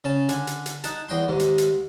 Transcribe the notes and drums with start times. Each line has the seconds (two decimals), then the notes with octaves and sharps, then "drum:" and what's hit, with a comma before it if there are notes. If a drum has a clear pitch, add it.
0.04 C#3 C#4 A5
0.29 D3 G#5, drum: hi-hat
0.47 drum: hi-hat
0.66 drum: hi-hat
0.84 D#4 F#5 A5, drum: hi-hat
1.09 E2 D#5 G5 C6
1.28 D#2 G#2 D#3
1.39 drum: hi-hat
1.58 drum: hi-hat